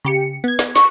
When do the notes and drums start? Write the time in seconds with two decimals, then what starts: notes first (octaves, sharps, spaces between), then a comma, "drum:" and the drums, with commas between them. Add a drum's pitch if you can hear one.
0.05 C#3 G4 C#7
0.44 B3 G#6
0.59 drum: snare
0.76 C#6, drum: snare